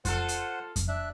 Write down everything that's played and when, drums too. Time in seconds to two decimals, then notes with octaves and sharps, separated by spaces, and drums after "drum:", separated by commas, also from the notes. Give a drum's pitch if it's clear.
0.05 F4 A4 C5 F#5, drum: kick F2, hi-hat
0.28 drum: hi-hat
0.76 drum: kick F2, hi-hat
0.88 D4 E5 F#6